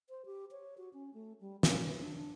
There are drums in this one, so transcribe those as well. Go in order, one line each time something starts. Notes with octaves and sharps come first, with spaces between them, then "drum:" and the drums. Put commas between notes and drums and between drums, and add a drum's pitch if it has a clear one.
C5
G4
C#5
F#4
C#4
A3
G3
B3, drum: snare
B4
D4
D4